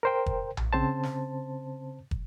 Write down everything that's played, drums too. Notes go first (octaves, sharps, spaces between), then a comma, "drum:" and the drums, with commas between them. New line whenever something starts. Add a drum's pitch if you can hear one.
A#4 C5 G5
drum: kick
drum: tom A#1
C#3 C4 C5 A5
drum: snare
drum: kick